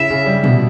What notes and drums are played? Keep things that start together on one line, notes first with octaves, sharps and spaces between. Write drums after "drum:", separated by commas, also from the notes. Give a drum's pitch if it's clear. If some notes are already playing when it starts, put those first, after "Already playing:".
Already playing: C#3 E4 E5
C#3
G3
B2, drum: tom